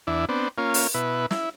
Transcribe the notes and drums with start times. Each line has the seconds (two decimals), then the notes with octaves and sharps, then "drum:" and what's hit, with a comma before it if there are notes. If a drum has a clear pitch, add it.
0.07 E2 D4 E4
0.29 B3 C4 D4
0.58 A#3 C#4 F4
0.74 drum: open hi-hat
0.94 B2 E4 B4
1.31 E4, drum: snare